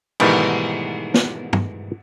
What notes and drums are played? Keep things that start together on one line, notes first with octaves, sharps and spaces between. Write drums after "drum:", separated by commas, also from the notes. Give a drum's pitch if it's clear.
G#2 B2 D#3 E3 G3 A3, drum: cymbal
drum: snare
drum: tom